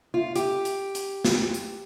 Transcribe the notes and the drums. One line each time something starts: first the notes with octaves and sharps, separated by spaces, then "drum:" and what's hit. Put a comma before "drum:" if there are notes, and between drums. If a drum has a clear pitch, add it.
F4
G4, drum: hi-hat
drum: hi-hat
drum: hi-hat
drum: snare
drum: hi-hat